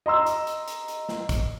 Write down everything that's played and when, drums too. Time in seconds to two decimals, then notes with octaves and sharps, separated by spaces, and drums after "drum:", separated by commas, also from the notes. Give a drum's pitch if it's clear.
0.06 D#5 A#5 C6 E6
0.26 drum: hi-hat
0.47 drum: hi-hat
0.68 drum: hi-hat
0.88 drum: hi-hat
1.09 drum: snare
1.29 drum: kick, hi-hat